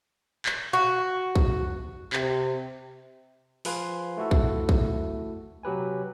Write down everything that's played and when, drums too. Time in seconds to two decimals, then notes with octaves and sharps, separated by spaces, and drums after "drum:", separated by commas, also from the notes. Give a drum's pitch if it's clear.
0.46 drum: clap
0.73 F#4
1.35 drum: kick
2.13 C3, drum: clap
3.65 F3 G#4 B4 F5 G#5 C6, drum: open hi-hat
4.17 A3 E4 F#4 A4
4.31 drum: kick
4.69 drum: kick
5.63 C3 F#3 G4 B4 G#5